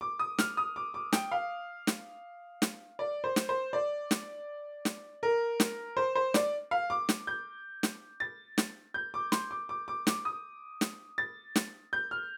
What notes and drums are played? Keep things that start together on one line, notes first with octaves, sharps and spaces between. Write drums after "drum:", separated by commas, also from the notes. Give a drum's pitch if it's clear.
D6
D#6
F6, drum: snare
D#6
D6
D6
G5, drum: snare
F5
drum: snare
drum: snare
D5
C5
drum: snare
C5
D5
drum: snare
drum: snare
A#4
drum: snare
C5
C5
D5, drum: snare
F5
D6
drum: snare
G6
drum: snare
A6
drum: snare
G6
D6
C6, drum: snare
D6
D6
D6
D6, drum: snare
D#6
drum: snare
A6
drum: snare
G6
F6